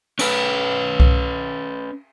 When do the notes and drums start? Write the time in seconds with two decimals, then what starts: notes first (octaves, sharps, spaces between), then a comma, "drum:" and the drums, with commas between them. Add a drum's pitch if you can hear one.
0.19 C#4 B4, drum: cymbal
1.00 drum: kick C2